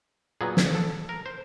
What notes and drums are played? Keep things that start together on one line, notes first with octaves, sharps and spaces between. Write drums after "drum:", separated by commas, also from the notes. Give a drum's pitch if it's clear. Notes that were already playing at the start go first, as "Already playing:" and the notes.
A#2 F#3 B3 G#4
drum: snare
A4
A#4
C5